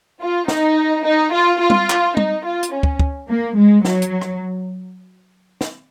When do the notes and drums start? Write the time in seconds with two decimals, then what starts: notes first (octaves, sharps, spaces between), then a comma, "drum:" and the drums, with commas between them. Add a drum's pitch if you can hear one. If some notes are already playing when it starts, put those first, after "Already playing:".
0.21 F4
0.48 D#4, drum: snare
1.05 D#4
1.33 F4
1.60 F4
1.70 drum: tom
1.90 drum: clap
2.17 D#4, drum: tom
2.45 F4
2.63 drum: hi-hat
2.73 C#4
2.83 drum: kick
2.99 drum: kick
3.29 A#3
3.57 G#3
3.85 F#3, drum: snare
4.02 drum: hi-hat
4.21 drum: rim click
5.61 drum: snare